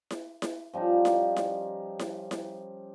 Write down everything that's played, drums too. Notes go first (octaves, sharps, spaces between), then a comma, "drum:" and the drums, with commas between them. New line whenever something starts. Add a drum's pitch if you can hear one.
drum: snare E4
drum: snare E4
F3 G3 C#4 D#4
drum: snare E4
drum: snare E4
drum: snare E4
drum: snare E4